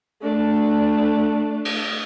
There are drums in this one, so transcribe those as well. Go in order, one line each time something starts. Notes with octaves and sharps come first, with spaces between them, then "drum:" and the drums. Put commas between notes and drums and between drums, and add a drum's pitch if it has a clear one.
A3 D4
drum: cymbal